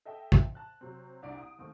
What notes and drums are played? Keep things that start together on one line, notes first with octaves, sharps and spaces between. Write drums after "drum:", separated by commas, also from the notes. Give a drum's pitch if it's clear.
A4 D#5 E5 F#5 G5
drum: kick
A5 F#6
C3 F#3 C4
C2 D4 D5 D7
D#6
D#2 A3 C4 D#6